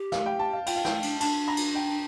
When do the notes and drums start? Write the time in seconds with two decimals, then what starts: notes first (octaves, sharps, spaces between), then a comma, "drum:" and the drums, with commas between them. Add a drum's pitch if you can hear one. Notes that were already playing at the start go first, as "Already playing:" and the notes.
Already playing: G4
0.12 F5, drum: snare
0.26 G5
0.39 A5
0.53 F5
0.66 F4 G5, drum: cymbal
0.76 F5
0.85 E4 G5, drum: snare
1.02 D4, drum: cymbal
1.20 D4 A5, drum: cymbal
1.48 A#5
1.57 drum: cymbal
1.75 G5